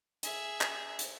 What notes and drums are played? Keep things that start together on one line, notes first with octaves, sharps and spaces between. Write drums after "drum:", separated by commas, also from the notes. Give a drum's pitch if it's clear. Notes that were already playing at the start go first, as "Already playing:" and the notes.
G#4 E5, drum: hi-hat
drum: clap
drum: hi-hat